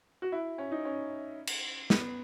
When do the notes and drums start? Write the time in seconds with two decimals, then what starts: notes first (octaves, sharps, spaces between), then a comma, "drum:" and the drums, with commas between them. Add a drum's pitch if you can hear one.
0.22 F#4
0.32 E4
0.58 C#4
0.71 D#4
0.85 C#4
1.47 drum: cymbal
1.90 B3, drum: snare